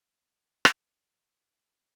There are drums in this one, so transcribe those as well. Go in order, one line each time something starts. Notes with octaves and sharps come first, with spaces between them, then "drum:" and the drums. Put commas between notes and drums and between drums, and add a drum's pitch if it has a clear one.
G2 D#6
drum: rim click